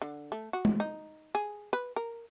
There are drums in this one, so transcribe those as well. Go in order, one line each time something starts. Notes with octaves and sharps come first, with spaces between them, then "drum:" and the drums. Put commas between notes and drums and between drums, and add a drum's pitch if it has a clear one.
D3
A3
F#4
drum: tom G#3
D#4
G#4
B4
A#4